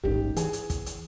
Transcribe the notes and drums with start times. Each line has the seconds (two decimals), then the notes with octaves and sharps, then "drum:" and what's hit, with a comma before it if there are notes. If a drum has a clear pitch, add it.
0.04 D1 A1 G#2 D#3 G4
0.36 E3 G#4, drum: hi-hat
0.53 drum: hi-hat
0.70 drum: kick, hi-hat
0.86 drum: hi-hat